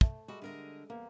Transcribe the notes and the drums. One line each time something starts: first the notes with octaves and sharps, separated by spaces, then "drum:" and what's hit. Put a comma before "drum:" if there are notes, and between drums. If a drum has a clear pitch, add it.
A3, drum: kick
G3 G#3 F#4
D3 A#4 D#5
E2 A#3